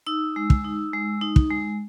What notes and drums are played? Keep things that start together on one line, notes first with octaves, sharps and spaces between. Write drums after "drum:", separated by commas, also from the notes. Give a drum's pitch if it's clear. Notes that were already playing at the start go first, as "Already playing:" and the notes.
D#4 E6
G#3
drum: kick
D#4
G#3
D#4
drum: kick
G#3